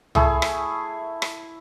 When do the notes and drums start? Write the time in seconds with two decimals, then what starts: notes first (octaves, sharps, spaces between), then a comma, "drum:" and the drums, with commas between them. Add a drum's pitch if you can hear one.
0.15 A3 E4 G#4, drum: tom
0.42 drum: rim click
1.22 drum: rim click